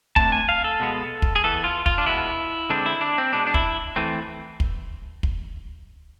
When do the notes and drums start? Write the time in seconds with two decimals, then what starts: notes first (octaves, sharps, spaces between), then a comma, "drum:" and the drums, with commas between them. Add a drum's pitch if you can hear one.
0.16 D3 A3 C4 A5, drum: kick
0.32 G#5
0.49 F5
0.64 A4
0.80 B2 G#3 B3
1.22 drum: kick
1.36 G#4
1.44 E3 B3 A4
1.64 F4
1.86 F4, drum: kick
1.98 D4
2.06 B2 G#3 B3 E4
2.70 D3 G#3 C4 D4
2.86 E4
3.01 D4
3.18 C4
3.33 B2 G#3 B3 D4
3.47 D4
3.54 E4, drum: kick
3.96 E3 A3 C4
4.60 drum: kick
5.23 drum: kick